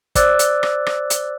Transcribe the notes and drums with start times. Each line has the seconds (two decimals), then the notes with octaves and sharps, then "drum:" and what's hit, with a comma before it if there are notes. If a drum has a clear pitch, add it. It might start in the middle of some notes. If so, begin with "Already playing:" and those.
0.15 C5 D5 D6 E6 F#6 A6, drum: kick, hi-hat
0.39 drum: hi-hat
0.63 drum: rim click
0.86 drum: rim click
1.10 drum: hi-hat